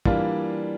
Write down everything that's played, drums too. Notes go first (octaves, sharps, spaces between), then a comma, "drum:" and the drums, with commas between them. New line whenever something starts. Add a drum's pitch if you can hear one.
E3 G3 A#3 D4 F4, drum: kick